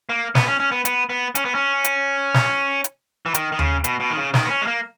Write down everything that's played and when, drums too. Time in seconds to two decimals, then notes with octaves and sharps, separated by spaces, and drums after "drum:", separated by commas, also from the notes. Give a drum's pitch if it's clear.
0.09 A#3
0.35 B3, drum: snare
0.48 C#4
0.60 C#4
0.72 B3
0.85 B3, drum: hi-hat
1.09 B3
1.35 C#4, drum: hi-hat
1.45 B3
1.55 C#4
1.84 drum: hi-hat
2.34 drum: snare
2.84 drum: hi-hat
3.26 E3
3.34 D#3, drum: hi-hat
3.52 D#3
3.59 C#3, drum: tom D#2
3.84 B2, drum: hi-hat
4.00 B2
4.11 D#3
4.17 C#3
4.34 D#3, drum: snare
4.45 B3
4.50 C#4
4.62 G#3
4.67 A#3